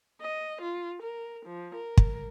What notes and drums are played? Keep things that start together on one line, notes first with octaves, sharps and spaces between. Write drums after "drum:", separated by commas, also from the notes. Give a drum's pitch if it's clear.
D#5
F4
A#4
F3
A#4
drum: kick